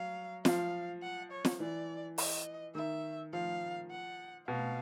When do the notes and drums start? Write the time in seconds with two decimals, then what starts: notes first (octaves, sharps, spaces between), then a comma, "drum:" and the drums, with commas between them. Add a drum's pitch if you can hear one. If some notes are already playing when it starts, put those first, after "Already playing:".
Already playing: F#3 F5
0.45 F3 F5, drum: snare
1.02 F#5
1.31 C#5
1.45 drum: snare
1.60 E3 D5
2.18 D#5, drum: open hi-hat
2.75 D#3 E5
3.33 F3 F5
3.91 F#5
4.48 B2 F5